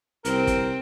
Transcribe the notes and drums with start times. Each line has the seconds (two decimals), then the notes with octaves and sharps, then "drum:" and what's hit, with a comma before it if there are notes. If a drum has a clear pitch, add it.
0.25 C2 C4 A#4, drum: hi-hat
0.47 drum: kick, hi-hat